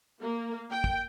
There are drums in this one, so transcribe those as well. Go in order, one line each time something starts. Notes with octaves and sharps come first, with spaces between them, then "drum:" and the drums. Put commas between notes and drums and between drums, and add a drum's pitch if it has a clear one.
A#3
G5
drum: kick